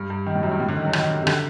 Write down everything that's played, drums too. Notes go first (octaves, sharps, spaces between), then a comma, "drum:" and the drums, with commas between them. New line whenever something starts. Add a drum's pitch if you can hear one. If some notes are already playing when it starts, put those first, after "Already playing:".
Already playing: G2
G2
D#3
A2
F#2
G2
A2
D3
D#3
F#3
D#3, drum: rim click
D3
C3
D3, drum: rim click